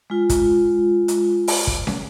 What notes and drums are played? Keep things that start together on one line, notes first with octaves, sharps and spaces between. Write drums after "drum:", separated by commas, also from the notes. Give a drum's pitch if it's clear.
G#3 F4
drum: kick, hi-hat
drum: hi-hat
drum: open hi-hat
drum: kick
drum: snare